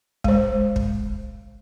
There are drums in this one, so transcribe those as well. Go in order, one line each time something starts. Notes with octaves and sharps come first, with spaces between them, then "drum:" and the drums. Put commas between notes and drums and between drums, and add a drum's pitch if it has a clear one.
G#3 C5, drum: kick
drum: kick